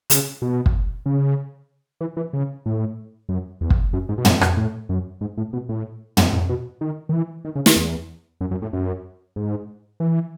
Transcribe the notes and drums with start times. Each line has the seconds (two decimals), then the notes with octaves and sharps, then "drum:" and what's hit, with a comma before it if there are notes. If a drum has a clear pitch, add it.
0.10 C#3, drum: hi-hat
0.42 B2
0.66 drum: kick
1.06 C#3
2.01 E3
2.17 E3
2.33 C#3
2.66 A2
3.29 F#2
3.61 E2
3.70 drum: kick
3.93 F#2
4.09 G#2
4.18 B2
4.25 A2, drum: tom
4.41 B2, drum: rim click
4.57 A2
4.89 F#2
5.21 G#2
5.37 A2
5.53 B2
5.69 A2
6.17 F#2, drum: tom
6.33 A2
6.49 B2
6.81 D#3
7.09 D#3
7.13 E3
7.45 D#3
7.56 C#3
7.66 D#3, drum: snare
7.76 E2
8.41 F#2
8.51 F#2
8.62 A2
8.73 F#2
9.36 G#2
10.00 E3